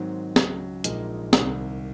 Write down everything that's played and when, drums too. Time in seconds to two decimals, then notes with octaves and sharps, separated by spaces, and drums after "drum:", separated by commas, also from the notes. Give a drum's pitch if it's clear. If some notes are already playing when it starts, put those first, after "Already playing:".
Already playing: G#2 D#3 F#3 C4
0.36 C#2 C#3 F#3, drum: snare
0.84 A#1 A#2 G#3 D#4 A#4, drum: hi-hat
1.33 C2 C3 D#3, drum: snare